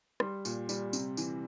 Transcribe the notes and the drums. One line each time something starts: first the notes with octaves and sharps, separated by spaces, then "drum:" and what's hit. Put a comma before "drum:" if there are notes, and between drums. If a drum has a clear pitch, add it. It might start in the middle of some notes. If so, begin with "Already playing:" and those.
G3 C6, drum: rim click
A#2, drum: tambourine
G3, drum: tambourine
C3, drum: tambourine
E3, drum: tambourine